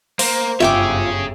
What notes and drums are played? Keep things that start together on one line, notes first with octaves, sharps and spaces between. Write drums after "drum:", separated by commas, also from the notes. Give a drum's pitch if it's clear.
A#3 C5, drum: open hi-hat
G1 F#2 F4 G#4 C#5 E5 G5 D6